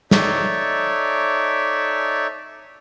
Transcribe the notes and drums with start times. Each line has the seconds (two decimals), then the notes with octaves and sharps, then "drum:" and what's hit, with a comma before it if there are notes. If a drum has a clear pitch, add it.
0.11 D#4 A4 C#5 D5 E5, drum: snare